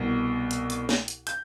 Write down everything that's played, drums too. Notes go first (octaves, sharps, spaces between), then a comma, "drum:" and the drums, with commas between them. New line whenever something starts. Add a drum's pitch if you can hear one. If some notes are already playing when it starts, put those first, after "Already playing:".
Already playing: C2 B2
drum: hi-hat
drum: hi-hat
drum: snare
drum: hi-hat
G6, drum: hi-hat